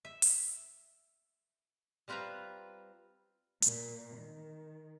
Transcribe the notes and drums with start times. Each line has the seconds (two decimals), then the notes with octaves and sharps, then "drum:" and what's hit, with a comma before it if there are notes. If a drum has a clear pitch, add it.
0.05 E5
0.22 drum: open hi-hat
2.08 G3 C4 F4 B4 E5 A#5
3.62 A#2, drum: hi-hat
4.17 D#3